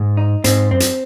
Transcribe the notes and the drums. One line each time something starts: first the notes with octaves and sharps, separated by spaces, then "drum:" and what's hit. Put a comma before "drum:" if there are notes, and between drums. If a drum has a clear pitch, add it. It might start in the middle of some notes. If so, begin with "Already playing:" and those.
Already playing: G#2
D#4
G#2 C4, drum: hi-hat
F#2 C4
drum: hi-hat